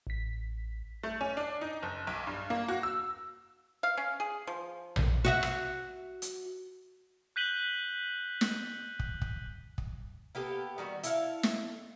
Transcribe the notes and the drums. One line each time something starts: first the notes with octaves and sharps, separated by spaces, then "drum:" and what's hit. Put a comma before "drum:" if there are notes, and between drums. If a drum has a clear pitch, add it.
A1 B6
A3
C#4
D4
D#4
F#1
B1
G2
A#3
F#4
E6
F5
C#4
G#4
F3
drum: tom A#1
F#4 D#5 E5
drum: rim click
drum: hi-hat
F#6 G6 B6 D#7 F#7 G7
drum: snare
drum: kick
drum: kick
drum: kick
A#3 B3 G4 A4
D#3 G3 F#4
E4 A4 F5, drum: hi-hat
drum: snare